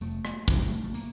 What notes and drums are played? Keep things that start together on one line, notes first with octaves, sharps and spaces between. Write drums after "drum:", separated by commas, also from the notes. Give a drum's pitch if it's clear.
F1 A3, drum: tambourine
drum: rim click
F2 C3 A3, drum: kick, tambourine
G3
A3
A3
A#3, drum: tambourine